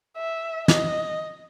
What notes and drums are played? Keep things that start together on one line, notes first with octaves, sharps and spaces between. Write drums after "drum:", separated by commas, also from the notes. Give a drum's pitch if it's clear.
E5
D#5, drum: snare